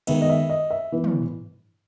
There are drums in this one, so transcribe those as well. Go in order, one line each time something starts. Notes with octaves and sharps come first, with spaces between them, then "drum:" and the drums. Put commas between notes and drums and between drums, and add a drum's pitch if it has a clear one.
D#3 G#3 B3 E5, drum: cymbal
D#5
E5
D#5
E5
E3 B3
drum: tom